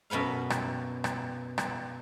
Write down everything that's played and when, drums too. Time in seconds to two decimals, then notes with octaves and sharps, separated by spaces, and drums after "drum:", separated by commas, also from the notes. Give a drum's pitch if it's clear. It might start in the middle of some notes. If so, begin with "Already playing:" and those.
0.10 F#2 B2 B3 B4 F5
0.50 drum: rim click
1.04 drum: rim click
1.58 drum: rim click